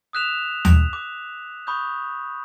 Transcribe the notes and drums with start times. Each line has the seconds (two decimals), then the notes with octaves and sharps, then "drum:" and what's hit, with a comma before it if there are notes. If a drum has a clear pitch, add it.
0.13 D#6 E6 F#6 B6 E7 F7
0.65 drum: tom D#2
0.93 D6
1.67 B5 C#6 D#6 G6